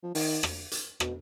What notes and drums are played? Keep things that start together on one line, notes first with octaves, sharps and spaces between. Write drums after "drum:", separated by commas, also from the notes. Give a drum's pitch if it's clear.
F3
D#3, drum: open hi-hat
drum: rim click
drum: hi-hat
B2, drum: rim click